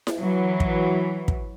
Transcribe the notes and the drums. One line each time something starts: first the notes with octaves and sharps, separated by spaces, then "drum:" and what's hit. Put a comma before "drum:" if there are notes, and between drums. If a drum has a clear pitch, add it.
drum: snare E4
E3 F#3
drum: kick
drum: kick